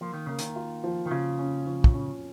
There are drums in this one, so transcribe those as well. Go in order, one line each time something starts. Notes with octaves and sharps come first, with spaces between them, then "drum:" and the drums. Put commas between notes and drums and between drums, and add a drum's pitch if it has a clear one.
F3 A#3
D#3
C#3 A#3
D#3, drum: hi-hat
F4
F3
D#3
C#3 F4
C#4
F3
drum: kick
C#4